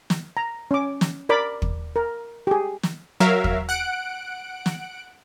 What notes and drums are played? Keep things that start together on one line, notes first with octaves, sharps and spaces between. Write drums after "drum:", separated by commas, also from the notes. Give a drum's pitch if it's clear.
drum: snare
A#5
C#4 D6
drum: snare
A#4 D5 B5 D6
drum: kick
A#4
G4 G#4
drum: snare
F#3 A#4 E5 F5
drum: kick
F#5 F#6 D7
drum: snare